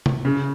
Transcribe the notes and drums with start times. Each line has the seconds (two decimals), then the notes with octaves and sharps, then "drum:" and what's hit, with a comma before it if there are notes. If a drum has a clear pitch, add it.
0.06 drum: tom C3
0.25 C#3